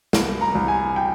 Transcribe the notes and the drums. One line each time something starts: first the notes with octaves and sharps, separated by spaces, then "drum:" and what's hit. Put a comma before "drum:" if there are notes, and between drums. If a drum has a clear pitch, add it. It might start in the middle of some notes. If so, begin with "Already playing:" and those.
C2, drum: snare
A#5
C2
G#5
G5